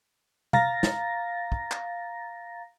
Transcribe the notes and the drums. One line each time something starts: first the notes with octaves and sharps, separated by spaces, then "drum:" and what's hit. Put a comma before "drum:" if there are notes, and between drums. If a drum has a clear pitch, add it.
F5 A#5 A6 A#6, drum: tom B2
drum: snare
drum: kick
drum: clap